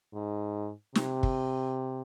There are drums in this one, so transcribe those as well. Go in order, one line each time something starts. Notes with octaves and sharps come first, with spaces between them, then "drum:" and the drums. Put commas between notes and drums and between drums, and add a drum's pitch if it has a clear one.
G#2
C3, drum: snare
drum: kick